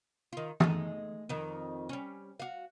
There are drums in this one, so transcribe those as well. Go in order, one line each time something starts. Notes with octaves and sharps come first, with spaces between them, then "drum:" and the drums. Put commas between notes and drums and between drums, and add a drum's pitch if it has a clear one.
D#3 F4
G#3 A3 D#4, drum: tom E3
F2 D#3
G3 C#4
F#4 F5